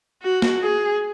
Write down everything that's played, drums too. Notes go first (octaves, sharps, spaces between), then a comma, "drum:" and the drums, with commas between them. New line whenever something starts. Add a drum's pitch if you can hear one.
F#4
drum: snare
G#4